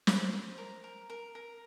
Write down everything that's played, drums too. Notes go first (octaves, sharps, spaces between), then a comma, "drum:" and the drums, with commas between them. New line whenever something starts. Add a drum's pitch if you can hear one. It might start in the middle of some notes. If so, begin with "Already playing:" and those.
C5, drum: snare
C5
A#4
A#4
A#4
A#4